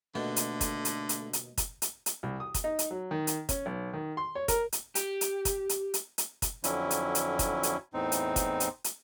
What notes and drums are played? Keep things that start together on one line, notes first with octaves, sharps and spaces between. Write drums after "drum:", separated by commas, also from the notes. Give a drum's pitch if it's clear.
D#2 B2 D3 A3 F#4
drum: hi-hat
drum: kick, hi-hat
drum: hi-hat
drum: hi-hat
drum: hi-hat
drum: kick, hi-hat
drum: hi-hat
drum: hi-hat
C2
D#6
drum: kick, hi-hat
D#4
drum: hi-hat
F#3
D#3
drum: hi-hat
C#4, drum: kick, hi-hat
B1
D#3
C6
C#5
A#4, drum: kick, hi-hat
drum: hi-hat
G4, drum: hi-hat
drum: hi-hat
drum: kick, hi-hat
drum: hi-hat
drum: hi-hat
drum: hi-hat
drum: kick, hi-hat
F2 D3 F#3 C#4 E4, drum: hi-hat
drum: hi-hat
drum: hi-hat
drum: kick, hi-hat
drum: hi-hat
E2 A2 C4 D#4
drum: hi-hat
drum: kick, hi-hat
drum: hi-hat
drum: hi-hat